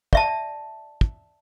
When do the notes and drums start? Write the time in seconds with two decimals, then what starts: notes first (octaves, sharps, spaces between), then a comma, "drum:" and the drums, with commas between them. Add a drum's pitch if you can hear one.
0.13 D5 E5 A5, drum: kick
1.01 drum: kick